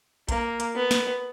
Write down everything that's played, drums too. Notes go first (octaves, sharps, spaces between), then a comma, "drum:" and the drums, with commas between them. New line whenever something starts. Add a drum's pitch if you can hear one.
A#3, drum: kick B1, hi-hat
drum: hi-hat
B3
drum: snare